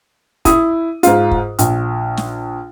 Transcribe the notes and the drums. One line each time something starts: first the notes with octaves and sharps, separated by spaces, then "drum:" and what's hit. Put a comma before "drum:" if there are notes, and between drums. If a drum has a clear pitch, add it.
E4 D#6, drum: kick, hi-hat
G#2 F4, drum: hi-hat
drum: kick
A#1, drum: hi-hat
drum: snare